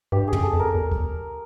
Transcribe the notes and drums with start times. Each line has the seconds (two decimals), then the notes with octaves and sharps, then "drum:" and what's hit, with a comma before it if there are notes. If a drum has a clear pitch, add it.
0.12 G2 G4
0.28 G#4
0.33 F#2, drum: tom
0.43 A4
0.54 F2
0.59 A#4
0.75 E2
0.92 drum: kick